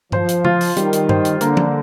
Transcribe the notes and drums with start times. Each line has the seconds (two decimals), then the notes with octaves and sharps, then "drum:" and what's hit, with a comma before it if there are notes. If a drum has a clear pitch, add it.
0.12 F3 C5, drum: tom G2
0.29 drum: hi-hat
0.45 F4, drum: tom
0.61 drum: open hi-hat
0.77 D#3 G3, drum: hi-hat
0.93 drum: hi-hat
1.09 C5, drum: tom G2
1.25 drum: hi-hat
1.41 D3 A#3, drum: hi-hat
1.57 drum: tom